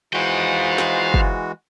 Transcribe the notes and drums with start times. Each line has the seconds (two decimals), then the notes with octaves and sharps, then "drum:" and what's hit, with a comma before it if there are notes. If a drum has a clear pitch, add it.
0.13 E3 G#3 D#4 F4 F#4 C5 F5 G5
0.78 drum: snare
1.14 drum: kick